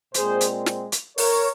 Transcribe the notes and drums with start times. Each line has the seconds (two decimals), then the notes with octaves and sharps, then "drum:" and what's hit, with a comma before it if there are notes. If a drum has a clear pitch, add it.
0.14 A#2 G#3 C4 G#4 C5, drum: hi-hat
0.41 drum: hi-hat
0.66 drum: snare
0.92 drum: hi-hat
1.18 A#4 C#5, drum: open hi-hat